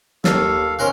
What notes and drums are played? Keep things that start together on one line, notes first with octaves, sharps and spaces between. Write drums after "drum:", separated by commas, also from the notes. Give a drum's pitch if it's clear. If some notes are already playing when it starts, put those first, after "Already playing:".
D#2 A4 F5, drum: snare
D#3 C#4 A#4 C5 F#6